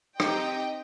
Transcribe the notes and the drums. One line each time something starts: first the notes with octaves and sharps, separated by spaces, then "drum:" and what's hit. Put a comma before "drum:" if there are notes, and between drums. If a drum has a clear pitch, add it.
C4 D#4 G4 D#5 G5, drum: rim click